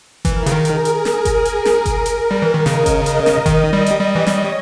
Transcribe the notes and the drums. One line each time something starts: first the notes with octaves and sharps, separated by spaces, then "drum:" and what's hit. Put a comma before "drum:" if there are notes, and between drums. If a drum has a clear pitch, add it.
E3 A#4, drum: kick G1, hi-hat
C#3, drum: hi-hat
D#3
G#4, drum: hi-hat
drum: hi-hat
A#4, drum: snare
drum: kick G1, hi-hat
drum: hi-hat
drum: snare
drum: kick G1, hi-hat
drum: hi-hat
G3
E3
D#3
C#3 D#5, drum: snare
drum: kick G1, hi-hat
drum: hi-hat
drum: snare
D#3, drum: kick G1, hi-hat
G3
drum: hi-hat
G3
E3
G3 C#5, drum: snare